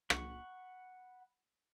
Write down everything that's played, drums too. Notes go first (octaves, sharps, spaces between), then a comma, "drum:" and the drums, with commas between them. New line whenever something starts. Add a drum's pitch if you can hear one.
F#5 B5 C#6, drum: rim click